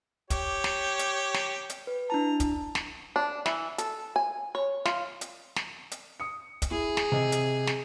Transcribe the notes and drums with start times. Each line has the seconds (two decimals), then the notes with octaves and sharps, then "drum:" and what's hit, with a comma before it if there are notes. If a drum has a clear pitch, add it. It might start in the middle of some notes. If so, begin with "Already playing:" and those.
0.30 G4 C#5, drum: kick, hi-hat
0.64 drum: snare
0.99 drum: hi-hat
1.34 drum: snare
1.70 drum: hi-hat
1.87 B4
2.10 D4 E4 A5 A#5
2.40 drum: kick, hi-hat
2.75 drum: snare
3.16 D4
3.46 E3, drum: snare
3.78 A4, drum: hi-hat
4.16 G#5
4.55 C#5
4.85 F4, drum: snare
5.21 drum: hi-hat
5.56 drum: snare
5.91 drum: hi-hat
6.20 D#6 C#7
6.62 drum: kick, hi-hat
6.71 E4 G#4
6.97 drum: snare
7.12 C3 D#5
7.32 drum: hi-hat
7.67 drum: snare